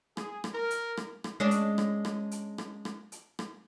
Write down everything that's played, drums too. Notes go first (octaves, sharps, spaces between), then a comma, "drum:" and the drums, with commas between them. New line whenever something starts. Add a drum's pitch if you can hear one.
G#4, drum: rim click
drum: rim click
A#4
drum: hi-hat
drum: rim click
drum: rim click
G#3 C#4 D4
drum: hi-hat
drum: rim click
drum: rim click
drum: hi-hat
drum: rim click
drum: rim click
drum: hi-hat
drum: rim click